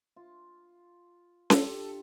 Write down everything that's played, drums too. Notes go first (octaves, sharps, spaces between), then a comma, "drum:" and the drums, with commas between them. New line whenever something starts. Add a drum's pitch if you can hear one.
F4
D4 F4 G4 A4, drum: snare C#4